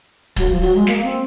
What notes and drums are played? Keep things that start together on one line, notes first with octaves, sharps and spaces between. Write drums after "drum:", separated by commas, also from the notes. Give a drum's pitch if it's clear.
F#3, drum: kick, hi-hat
F3
F#3, drum: open hi-hat
G#3
A#3, drum: snare
C4